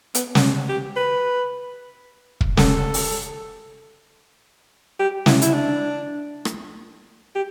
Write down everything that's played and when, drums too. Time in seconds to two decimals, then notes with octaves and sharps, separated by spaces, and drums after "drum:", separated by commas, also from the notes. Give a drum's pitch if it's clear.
0.14 B3, drum: hi-hat
0.35 drum: snare
0.69 G4
0.96 B4
2.41 drum: kick
2.57 A4, drum: snare
2.94 drum: open hi-hat
4.99 G4
5.26 E4, drum: snare
5.42 E4, drum: hi-hat
5.54 D4
6.45 drum: rim click
7.35 G4